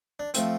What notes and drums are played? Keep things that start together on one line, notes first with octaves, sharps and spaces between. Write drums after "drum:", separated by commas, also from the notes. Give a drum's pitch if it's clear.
D4
F3 A3 C4, drum: hi-hat